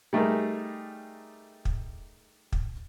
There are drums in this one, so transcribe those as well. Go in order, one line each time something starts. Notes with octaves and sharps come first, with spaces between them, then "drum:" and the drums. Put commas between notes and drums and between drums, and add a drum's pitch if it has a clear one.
G3 A3 D#4 G#4 A#4
drum: kick
drum: kick